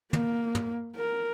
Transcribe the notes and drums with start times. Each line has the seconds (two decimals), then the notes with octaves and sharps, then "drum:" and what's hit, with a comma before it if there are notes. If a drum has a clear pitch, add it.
0.13 A#3, drum: tom
0.55 drum: tom
0.95 A#4